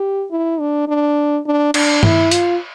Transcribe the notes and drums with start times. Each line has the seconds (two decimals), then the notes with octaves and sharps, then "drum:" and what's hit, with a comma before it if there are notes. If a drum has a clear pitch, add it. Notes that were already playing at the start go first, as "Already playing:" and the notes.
Already playing: G4
0.31 E4
0.60 D4
0.88 D4
1.46 D4
1.74 D4, drum: cymbal
2.03 E4, drum: tom G2
2.31 F4, drum: hi-hat